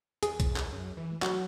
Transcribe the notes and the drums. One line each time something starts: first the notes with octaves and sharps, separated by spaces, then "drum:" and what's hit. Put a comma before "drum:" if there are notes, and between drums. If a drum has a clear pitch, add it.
E2 G#4, drum: hi-hat
drum: kick A#1, hi-hat
drum: clap
F#2
E3
F#3 F#4, drum: clap